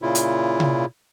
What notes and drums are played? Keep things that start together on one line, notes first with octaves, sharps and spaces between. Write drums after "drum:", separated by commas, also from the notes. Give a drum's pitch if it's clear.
A#2 C#3 E4 F4
drum: hi-hat
drum: tom C3